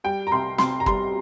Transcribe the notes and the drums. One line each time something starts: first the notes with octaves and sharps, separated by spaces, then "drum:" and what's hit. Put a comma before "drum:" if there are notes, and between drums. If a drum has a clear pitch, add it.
G3 G5
A#5
C2 C6
C3 C6, drum: snare
A#5
G3 C6, drum: kick